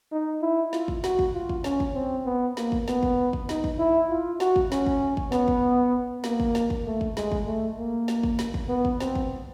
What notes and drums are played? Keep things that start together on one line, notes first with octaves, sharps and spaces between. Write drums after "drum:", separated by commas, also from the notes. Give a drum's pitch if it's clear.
D#4
E4
F4, drum: snare
drum: kick
F#4, drum: snare
drum: kick
F4
drum: kick
C#4, drum: snare
drum: kick
C4
B3
A#3, drum: snare
drum: kick
B3, drum: snare
drum: kick
drum: kick
D#4, drum: snare
drum: kick
E4
F4
F#4, drum: snare
drum: kick
C#4, drum: snare
drum: kick
drum: kick
B3, drum: snare
drum: kick
A#3, drum: snare
drum: kick
drum: snare
drum: kick
A3
drum: kick
G#3, drum: snare
drum: kick
A3
A#3
drum: snare
drum: kick
drum: snare
drum: kick
B3
drum: kick
C4, drum: snare
drum: kick